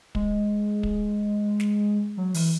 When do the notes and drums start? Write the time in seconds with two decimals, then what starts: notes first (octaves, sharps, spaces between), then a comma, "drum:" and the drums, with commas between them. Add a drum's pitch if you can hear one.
0.15 G#3, drum: kick
0.83 drum: kick
1.60 drum: snare
2.17 F#3
2.34 E3, drum: open hi-hat